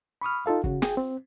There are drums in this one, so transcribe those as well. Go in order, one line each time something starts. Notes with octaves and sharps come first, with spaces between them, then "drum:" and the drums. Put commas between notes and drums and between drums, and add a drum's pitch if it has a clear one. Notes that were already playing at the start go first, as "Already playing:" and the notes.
B5 C#6 D#6 F6
D#4 F4 A4 F5
C#3 F#4, drum: kick
G#4 G5, drum: snare
C4